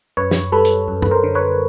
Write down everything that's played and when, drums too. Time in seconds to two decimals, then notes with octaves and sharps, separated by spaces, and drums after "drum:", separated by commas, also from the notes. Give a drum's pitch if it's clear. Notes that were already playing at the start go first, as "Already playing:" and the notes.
0.17 F#2 B4 C#5
0.31 drum: snare
0.52 G3 A4 B4
0.65 drum: hi-hat
0.88 F#2
1.02 B4, drum: tom F#2
1.11 A#4 C5
1.24 D3
1.35 B4 C#5